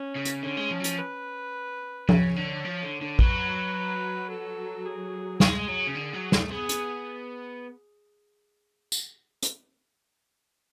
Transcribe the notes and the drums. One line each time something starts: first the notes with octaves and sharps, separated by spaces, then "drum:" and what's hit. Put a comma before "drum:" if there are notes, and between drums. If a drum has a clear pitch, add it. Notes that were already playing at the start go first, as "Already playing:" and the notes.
Already playing: C#4
C#3
drum: hi-hat
D3 C#4
G#3
F3
F#3
F3, drum: hi-hat
B4
C#3 C#5, drum: tom F3
D3
F3
D3
D3
F#3 B4, drum: kick
A4
G#4
G#3 G#4, drum: snare
F#3
C#3
D3
F#3
A3, drum: snare
B3 G#4
drum: hi-hat
drum: tambourine
drum: hi-hat